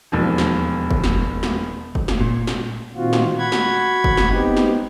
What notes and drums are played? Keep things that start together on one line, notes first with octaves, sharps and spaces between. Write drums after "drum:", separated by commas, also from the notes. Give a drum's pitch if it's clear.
E1 D#2 F3
drum: snare
drum: kick
drum: snare
drum: snare
drum: kick
drum: snare
A#2
drum: snare
A#2 D#3 C4 F4 F#4
drum: snare
F#4 F#5 B5 G#6
drum: snare
drum: kick
drum: snare
B3 C4 D#4 G4
drum: snare